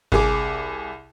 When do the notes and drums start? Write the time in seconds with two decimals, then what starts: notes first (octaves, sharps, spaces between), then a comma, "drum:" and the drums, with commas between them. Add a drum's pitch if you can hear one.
0.12 C2 G#4 D6, drum: kick G#1